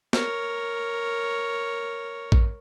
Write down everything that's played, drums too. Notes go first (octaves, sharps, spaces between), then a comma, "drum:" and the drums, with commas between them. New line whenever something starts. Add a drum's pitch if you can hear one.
A#4 C#5, drum: snare
drum: kick